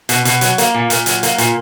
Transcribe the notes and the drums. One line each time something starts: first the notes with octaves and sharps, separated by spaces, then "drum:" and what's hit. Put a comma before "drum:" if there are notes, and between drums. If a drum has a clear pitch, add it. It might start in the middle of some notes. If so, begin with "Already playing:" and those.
B2, drum: hi-hat
B2, drum: hi-hat
F#3, drum: hi-hat
A#3, drum: hi-hat
A#2
A#2, drum: hi-hat
F#3, drum: hi-hat
A#3, drum: hi-hat
A#2, drum: hi-hat